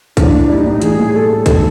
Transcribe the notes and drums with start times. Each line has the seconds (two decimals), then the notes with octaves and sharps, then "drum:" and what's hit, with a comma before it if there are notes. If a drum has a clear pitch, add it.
0.17 E3 D4, drum: kick, hi-hat
0.33 A2
0.49 G3 E4
0.57 D#4
0.65 A2 D4
0.72 D#4
0.82 E3 G#4, drum: hi-hat
0.98 A2
1.14 G3 A4
1.30 A2
1.46 D#3 A4, drum: kick, hi-hat